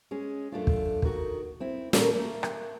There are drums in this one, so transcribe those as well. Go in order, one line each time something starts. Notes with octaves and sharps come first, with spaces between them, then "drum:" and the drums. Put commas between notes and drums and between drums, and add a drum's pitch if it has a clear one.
G#3 C#4 G#4
F#2 A3 D4 F4
drum: kick
D#2 D#3 F#4, drum: kick
C4 E4
A#2 A#3 C#4 G4 A4 A#4, drum: snare
A3 A#3
drum: rim click